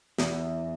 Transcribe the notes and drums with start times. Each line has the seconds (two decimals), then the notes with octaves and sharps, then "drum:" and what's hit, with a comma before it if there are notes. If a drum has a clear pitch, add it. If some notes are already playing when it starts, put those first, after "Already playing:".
0.18 E2, drum: snare